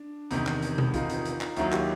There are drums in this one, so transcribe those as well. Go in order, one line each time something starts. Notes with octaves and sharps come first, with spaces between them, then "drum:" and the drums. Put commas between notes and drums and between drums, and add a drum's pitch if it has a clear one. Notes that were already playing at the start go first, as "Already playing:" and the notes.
Already playing: D4
E2 C3 D#3, drum: hi-hat
drum: clap
drum: hi-hat
drum: tom B2
D#4 F4, drum: kick B1, hi-hat
drum: hi-hat
drum: hi-hat
drum: clap
D#2 D#3 F#3 E4 F#4, drum: hi-hat
F4 G4, drum: clap